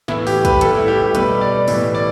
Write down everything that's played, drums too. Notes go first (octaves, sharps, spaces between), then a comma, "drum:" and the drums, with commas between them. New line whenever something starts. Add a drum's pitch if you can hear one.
A2 E3 B3 E4, drum: snare
G4, drum: open hi-hat
B4, drum: kick, hi-hat
A2 G3 B3 A4, drum: hi-hat
E4
G4
G4
B2 G3 B3 B4, drum: hi-hat
D5
A2 E3 G3 B3, drum: open hi-hat
D5